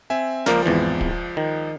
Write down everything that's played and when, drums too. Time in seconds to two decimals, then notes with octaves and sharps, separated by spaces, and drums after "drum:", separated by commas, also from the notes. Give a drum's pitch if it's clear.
0.10 C4 E5 G#5
0.46 C#2 F3 A#3 A#4 D5, drum: snare
0.66 G#1 E2 E3
1.01 drum: kick
1.37 D#3